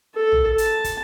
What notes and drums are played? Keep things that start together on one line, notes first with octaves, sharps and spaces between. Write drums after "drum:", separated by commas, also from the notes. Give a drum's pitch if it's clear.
A4
drum: tom A#1
A5, drum: hi-hat
drum: kick, hi-hat